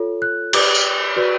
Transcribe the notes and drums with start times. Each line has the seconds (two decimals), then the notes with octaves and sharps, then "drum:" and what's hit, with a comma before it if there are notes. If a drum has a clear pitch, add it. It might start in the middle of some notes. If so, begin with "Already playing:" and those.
Already playing: F4 A4 C#5
0.22 F#6
0.53 G4 B4 D5 D6, drum: cymbal
0.75 drum: tambourine
1.16 F#4 B4 D5